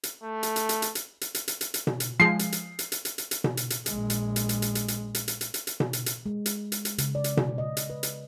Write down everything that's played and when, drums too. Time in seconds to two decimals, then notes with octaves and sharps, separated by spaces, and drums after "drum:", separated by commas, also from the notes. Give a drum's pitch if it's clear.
0.03 drum: hi-hat
0.24 A3
0.43 drum: hi-hat
0.56 drum: hi-hat
0.69 drum: hi-hat
0.82 drum: hi-hat
0.95 drum: hi-hat
1.21 drum: hi-hat
1.34 drum: hi-hat
1.48 drum: hi-hat
1.61 drum: hi-hat
1.74 drum: hi-hat
1.87 drum: tom B2
2.00 drum: hi-hat
2.20 F3 G#3 C7
2.39 drum: hi-hat
2.52 drum: hi-hat
2.79 drum: hi-hat
2.92 drum: hi-hat
3.05 drum: hi-hat
3.18 drum: hi-hat
3.31 drum: hi-hat
3.44 drum: tom B2
3.57 drum: hi-hat
3.70 drum: hi-hat
3.86 A#1 G#3, drum: hi-hat
4.10 drum: hi-hat
4.36 drum: hi-hat
4.49 drum: hi-hat
4.62 drum: hi-hat
4.75 drum: hi-hat
4.88 drum: hi-hat
5.15 drum: hi-hat
5.28 drum: hi-hat
5.41 drum: hi-hat
5.54 drum: hi-hat
5.67 drum: hi-hat
5.80 drum: tom B2
5.93 drum: hi-hat
6.06 drum: hi-hat
6.26 G#3
6.46 drum: hi-hat
6.72 drum: hi-hat
6.85 drum: hi-hat
6.98 C#3, drum: hi-hat
7.15 D5
7.24 drum: hi-hat
7.37 drum: tom B2
7.58 D#5
7.77 drum: hi-hat
7.90 B4
8.03 drum: hi-hat